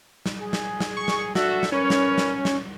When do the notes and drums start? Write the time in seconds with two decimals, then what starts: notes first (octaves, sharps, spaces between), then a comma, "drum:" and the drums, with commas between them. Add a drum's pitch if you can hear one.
0.26 drum: snare
0.38 G#4
0.53 drum: snare
0.80 drum: snare
0.97 C#6
1.08 drum: snare
1.35 D4 F#4 A4 E5, drum: snare
1.63 drum: snare
1.72 C#4 A#4 B4 C#5
1.90 drum: snare
2.18 drum: snare
2.45 drum: snare